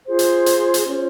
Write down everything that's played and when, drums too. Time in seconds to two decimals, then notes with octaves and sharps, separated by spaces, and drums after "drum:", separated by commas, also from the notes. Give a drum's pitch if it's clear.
0.05 F4 G#4 C5
0.19 drum: hi-hat
0.46 drum: hi-hat
0.74 drum: hi-hat
0.87 C#4 F4 C5